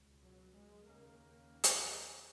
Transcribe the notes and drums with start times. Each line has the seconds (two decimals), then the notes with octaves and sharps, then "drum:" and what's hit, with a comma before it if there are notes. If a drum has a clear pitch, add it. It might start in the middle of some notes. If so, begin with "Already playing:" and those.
Already playing: C#2 B2
0.22 F#3
0.54 G#3
0.86 D#2 C#3 A#3
1.64 drum: hi-hat